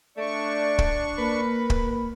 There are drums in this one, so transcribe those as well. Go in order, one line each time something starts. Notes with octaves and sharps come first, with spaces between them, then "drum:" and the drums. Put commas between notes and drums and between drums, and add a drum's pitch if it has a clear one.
A3 D4 D5 C#6
drum: kick
A#3 A#4 B4 B5
drum: kick